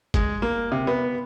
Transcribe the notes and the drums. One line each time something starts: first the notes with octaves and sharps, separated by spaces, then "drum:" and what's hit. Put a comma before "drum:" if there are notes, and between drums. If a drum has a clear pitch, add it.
G#3, drum: kick, hi-hat
A#3
C3
B3